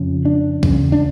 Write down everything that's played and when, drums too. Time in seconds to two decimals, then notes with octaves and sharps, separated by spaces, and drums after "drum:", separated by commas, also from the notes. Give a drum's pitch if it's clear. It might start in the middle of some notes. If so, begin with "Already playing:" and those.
Already playing: F2 C#3
0.25 D4
0.63 E2 C#3, drum: kick
0.92 D4